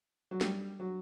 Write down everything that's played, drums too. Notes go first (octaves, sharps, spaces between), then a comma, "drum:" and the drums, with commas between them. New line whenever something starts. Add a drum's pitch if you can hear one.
F#3
G3, drum: snare
F#3